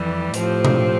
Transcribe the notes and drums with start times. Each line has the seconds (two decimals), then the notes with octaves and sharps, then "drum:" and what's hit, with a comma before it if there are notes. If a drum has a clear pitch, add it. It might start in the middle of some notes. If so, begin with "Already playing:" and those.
Already playing: F2 E3 G3
0.34 A2 F3 C4 G4, drum: hi-hat
0.65 drum: tom B2